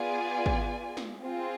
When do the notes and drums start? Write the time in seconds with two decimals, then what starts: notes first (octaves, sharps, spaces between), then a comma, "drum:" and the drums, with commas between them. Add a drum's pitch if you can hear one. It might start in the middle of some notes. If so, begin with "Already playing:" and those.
Already playing: B3 F4 G#4 D5 G#5
0.46 drum: kick
0.97 drum: snare
1.23 C4 F4 G#4